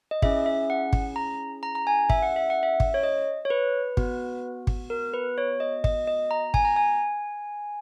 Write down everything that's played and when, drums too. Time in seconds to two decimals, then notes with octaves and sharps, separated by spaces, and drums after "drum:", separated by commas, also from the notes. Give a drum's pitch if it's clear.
0.11 D#5
0.22 C#4 E4 G#4 E5, drum: kick G#1
0.46 E5
0.70 F#5
0.93 drum: kick G#1
1.16 A#5
1.63 A#5
1.75 A#5
1.87 G#5
2.10 E5, drum: kick G#1
2.23 F#5
2.36 E5
2.50 F#5
2.63 E5
2.80 drum: kick G#1
2.94 C#5
3.03 D#5
3.45 C#5
3.50 B4
3.97 B3 F#4, drum: kick G#1
4.67 drum: kick G#1
4.90 A#4
5.14 B4
5.38 C#5
5.60 D#5
5.84 D#5, drum: kick G#1
6.07 D#5
6.31 A#5
6.54 G#5, drum: kick G#1
6.65 A#5
6.76 G#5